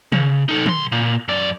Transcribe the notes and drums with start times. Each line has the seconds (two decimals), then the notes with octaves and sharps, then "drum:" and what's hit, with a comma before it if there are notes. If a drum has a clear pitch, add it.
0.12 C#3, drum: tom
0.49 D#4 A4
0.66 B1 C6, drum: tom
0.92 A#2
1.28 F#2 D5